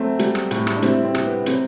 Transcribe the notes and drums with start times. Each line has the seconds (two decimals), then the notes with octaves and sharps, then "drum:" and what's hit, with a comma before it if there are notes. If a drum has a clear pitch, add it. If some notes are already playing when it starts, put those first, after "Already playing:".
Already playing: F#3 A3 C4
0.19 G3, drum: hi-hat
0.35 drum: rim click
0.51 A2, drum: hi-hat
0.67 drum: rim click
0.76 D4
0.82 G3 C4 E4, drum: hi-hat
1.04 C4
1.15 C3, drum: rim click
1.25 B3
1.46 F#3 C4, drum: hi-hat